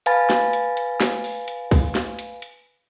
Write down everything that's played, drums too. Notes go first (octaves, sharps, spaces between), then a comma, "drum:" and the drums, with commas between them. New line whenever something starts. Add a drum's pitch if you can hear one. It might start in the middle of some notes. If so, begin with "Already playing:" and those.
B4 F5 G#5 A5 B5 A6, drum: hi-hat
drum: snare
drum: hi-hat
drum: hi-hat
drum: snare
drum: open hi-hat
drum: hi-hat
drum: kick B1, open hi-hat
drum: snare
drum: hi-hat
drum: hi-hat